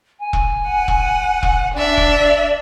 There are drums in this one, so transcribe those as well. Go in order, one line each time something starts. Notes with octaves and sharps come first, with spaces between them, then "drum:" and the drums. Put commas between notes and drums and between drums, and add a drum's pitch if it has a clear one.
G#5
drum: kick E1
F#5
drum: kick E1
drum: kick E1
D4 D5 E5
drum: kick E1